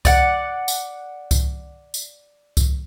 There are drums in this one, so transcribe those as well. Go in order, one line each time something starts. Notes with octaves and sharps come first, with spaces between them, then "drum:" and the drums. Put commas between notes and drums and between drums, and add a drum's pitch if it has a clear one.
D5 F#5, drum: kick C2, tambourine
drum: tambourine
drum: kick C2, tambourine
drum: tambourine
drum: kick C2, tambourine